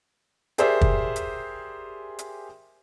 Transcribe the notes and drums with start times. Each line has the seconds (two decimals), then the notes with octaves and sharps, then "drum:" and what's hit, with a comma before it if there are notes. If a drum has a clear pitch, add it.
0.58 G4 G#4 A#4 C5 D5 E5, drum: hi-hat
0.81 drum: kick
1.16 drum: hi-hat
2.19 drum: hi-hat